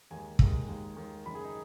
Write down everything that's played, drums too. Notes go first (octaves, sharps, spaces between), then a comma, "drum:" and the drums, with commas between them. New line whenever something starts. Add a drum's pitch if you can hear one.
D#2 D#3 G#3 G#5
D#2 D#3 G#3, drum: kick
D#2 D#3 G#3
D#2 D#3 G#3
F#1 F#2 D#3 B5
G#4
D#4